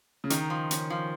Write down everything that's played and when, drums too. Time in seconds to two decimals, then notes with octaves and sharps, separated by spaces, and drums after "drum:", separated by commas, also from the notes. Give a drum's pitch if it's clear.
0.24 C#3
0.30 D#3 D#4, drum: hi-hat
0.50 F3
0.71 C#4, drum: hi-hat
0.90 F3